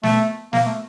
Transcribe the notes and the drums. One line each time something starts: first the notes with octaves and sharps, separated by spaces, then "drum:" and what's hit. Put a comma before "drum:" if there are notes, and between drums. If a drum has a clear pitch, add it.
A3, drum: snare
A#3, drum: snare
A3